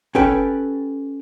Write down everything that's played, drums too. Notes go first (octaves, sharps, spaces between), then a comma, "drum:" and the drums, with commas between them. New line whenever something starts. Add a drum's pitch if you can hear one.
C#4 G4 A4 B4 G5, drum: kick